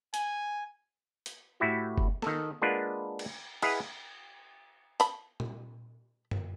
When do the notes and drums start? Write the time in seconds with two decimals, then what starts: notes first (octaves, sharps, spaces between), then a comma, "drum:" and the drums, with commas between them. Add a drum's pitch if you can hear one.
0.14 G#5, drum: hi-hat
1.26 drum: hi-hat
1.60 A2 A3 E4 F#4 G4
1.98 drum: kick F#1
2.22 D#3 A4, drum: snare
2.62 G#3 A#3 D4 F4 B4 F#5
3.19 drum: cymbal
3.62 E4 G#4 B4 D#5 F5 F#5, drum: cymbal
5.00 A5 B5, drum: hi-hat
5.40 drum: tom A#2
6.31 drum: tom F#2